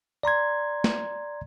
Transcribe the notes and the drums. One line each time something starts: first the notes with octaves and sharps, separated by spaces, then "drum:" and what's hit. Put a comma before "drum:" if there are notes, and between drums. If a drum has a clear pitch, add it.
D5 A#5 C6 G#6
drum: snare